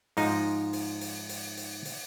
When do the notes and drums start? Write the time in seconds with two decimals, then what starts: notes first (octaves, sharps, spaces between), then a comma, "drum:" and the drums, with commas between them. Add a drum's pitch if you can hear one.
0.17 G#2 F3 D#4, drum: open hi-hat
0.73 drum: open hi-hat
1.01 drum: open hi-hat
1.29 drum: open hi-hat
1.57 drum: open hi-hat
1.85 drum: open hi-hat